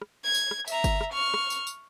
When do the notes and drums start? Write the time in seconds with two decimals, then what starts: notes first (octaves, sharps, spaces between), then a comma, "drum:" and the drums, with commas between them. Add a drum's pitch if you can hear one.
0.02 drum: rim click
0.24 G#6
0.35 drum: tambourine
0.51 drum: rim click
0.68 E5 A#5, drum: tambourine
0.84 drum: kick G1, tambourine
1.01 drum: rim click
1.13 C#6 F6
1.34 drum: rim click
1.50 drum: tambourine
1.67 drum: tambourine